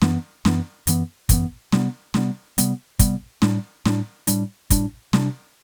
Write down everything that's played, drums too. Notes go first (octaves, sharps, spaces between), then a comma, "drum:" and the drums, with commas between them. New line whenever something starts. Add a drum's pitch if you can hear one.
F#2 E3 B3, drum: snare
F#2 E3 B3, drum: snare
F#2 E3 B3, drum: hi-hat
F#2 E3 B3, drum: kick, hi-hat
C3 G3 B3, drum: snare
C3 G3 B3, drum: snare
C3 G3 B3, drum: hi-hat
C3 G3 B3, drum: kick, hi-hat
A2 G3 D4, drum: snare
A2 G3 D4, drum: snare
A2 G3 D4, drum: hi-hat
A2 G3 D4, drum: kick, hi-hat
C3 G3 D4, drum: snare